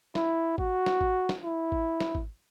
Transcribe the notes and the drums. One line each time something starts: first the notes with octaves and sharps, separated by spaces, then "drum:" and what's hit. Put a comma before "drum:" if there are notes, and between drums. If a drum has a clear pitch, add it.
E4, drum: snare
F#4, drum: kick G#1
drum: snare
drum: kick G#1
drum: snare
E4
drum: kick G#1
drum: snare
drum: kick G#1